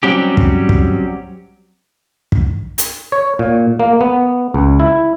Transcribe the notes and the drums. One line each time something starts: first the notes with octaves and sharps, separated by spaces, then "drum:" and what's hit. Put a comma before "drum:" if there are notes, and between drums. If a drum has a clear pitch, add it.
F#3 G3 C4 C#4 G4
drum: kick
drum: kick
drum: kick
drum: hi-hat
C#5
A#2
A#3
B3
C#2
E4